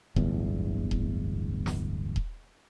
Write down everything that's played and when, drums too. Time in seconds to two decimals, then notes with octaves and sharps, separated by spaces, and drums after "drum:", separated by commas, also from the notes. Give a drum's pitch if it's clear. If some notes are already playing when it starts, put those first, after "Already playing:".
0.16 D1 G1 E2, drum: kick D#1
0.91 drum: kick D#1
1.66 drum: snare
2.16 drum: kick D#1